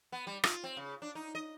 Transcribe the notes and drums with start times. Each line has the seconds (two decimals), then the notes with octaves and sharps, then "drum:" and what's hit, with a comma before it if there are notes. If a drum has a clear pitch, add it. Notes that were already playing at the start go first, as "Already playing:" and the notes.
0.12 B3
0.27 G3
0.44 F4, drum: rim click
0.64 C4
0.77 C#3
1.02 D4
1.15 D#4
1.35 D#5